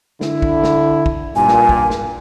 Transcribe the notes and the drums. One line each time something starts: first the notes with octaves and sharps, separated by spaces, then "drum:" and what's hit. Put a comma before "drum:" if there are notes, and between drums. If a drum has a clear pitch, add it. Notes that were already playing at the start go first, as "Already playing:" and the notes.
D3 E4, drum: snare
drum: kick
drum: snare
drum: kick
G2 A#2 G#5
drum: snare
drum: kick
drum: snare